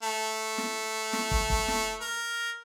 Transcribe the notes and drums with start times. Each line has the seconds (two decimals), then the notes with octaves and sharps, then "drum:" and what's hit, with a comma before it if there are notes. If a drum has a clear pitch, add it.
0.03 A3
0.58 drum: snare
1.13 drum: snare
1.31 drum: kick
1.50 drum: kick
1.68 drum: snare
2.01 A#4